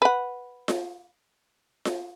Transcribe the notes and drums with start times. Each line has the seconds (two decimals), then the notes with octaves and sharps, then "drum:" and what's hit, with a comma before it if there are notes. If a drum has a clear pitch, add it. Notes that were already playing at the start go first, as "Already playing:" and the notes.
0.02 B4 F#5
0.68 drum: snare F4
1.85 drum: snare F4